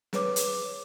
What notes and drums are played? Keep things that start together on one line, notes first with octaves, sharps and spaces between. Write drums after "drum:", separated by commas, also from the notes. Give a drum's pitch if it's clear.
G#4 B4 C#5 D6, drum: snare
drum: hi-hat